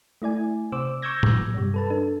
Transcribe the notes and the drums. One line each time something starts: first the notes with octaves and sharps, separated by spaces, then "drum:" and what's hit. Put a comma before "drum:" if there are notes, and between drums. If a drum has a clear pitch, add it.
A3 E4 D5 G#5
C3 C5 D6 E6
C#6 D6 E6 G6 G#6 A#6
drum: tom A2
G2 C3 G3
A4 B4 A5
D4 A4